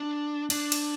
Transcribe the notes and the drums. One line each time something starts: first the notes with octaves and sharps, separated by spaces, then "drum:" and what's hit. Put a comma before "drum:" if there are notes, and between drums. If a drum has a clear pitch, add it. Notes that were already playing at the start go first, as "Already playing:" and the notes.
Already playing: D4
D4, drum: cymbal
drum: cymbal